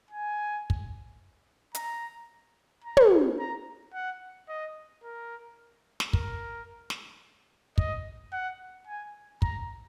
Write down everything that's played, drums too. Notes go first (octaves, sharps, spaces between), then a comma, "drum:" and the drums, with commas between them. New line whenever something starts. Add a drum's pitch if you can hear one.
G#5
drum: kick
A#5, drum: hi-hat
A#5
drum: tom
A#5
F#5
D#5
A#4
drum: snare
A#4, drum: kick
drum: snare
D#5, drum: kick
F#5
G#5
A#5, drum: kick